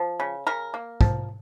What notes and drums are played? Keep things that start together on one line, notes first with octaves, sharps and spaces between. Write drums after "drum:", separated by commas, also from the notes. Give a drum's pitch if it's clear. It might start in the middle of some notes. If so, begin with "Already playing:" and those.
Already playing: F3
C#3
C#3 A#4
A#3
F3, drum: kick